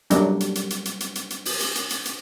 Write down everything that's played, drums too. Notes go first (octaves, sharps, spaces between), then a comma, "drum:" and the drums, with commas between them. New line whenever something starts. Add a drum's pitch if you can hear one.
F#3 G3 A#3 D4, drum: hi-hat
drum: hi-hat
drum: hi-hat
drum: hi-hat
drum: hi-hat
drum: hi-hat
drum: hi-hat
drum: hi-hat
drum: open hi-hat
drum: hi-hat
drum: hi-hat
drum: hi-hat
drum: hi-hat